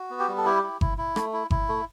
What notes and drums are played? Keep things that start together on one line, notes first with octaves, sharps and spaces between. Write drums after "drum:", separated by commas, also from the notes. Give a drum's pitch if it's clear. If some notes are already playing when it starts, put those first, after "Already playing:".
Already playing: F#4
B3
G4
G3
A4
E4 G4
E4
E4, drum: kick G1
E4
A3, drum: rim click
E4
E4, drum: kick G1
A3